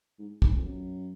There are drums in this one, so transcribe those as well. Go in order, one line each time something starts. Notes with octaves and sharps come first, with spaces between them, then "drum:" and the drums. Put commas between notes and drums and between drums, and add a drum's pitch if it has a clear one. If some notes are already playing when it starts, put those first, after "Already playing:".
G#2
G#2, drum: kick
F2
F#2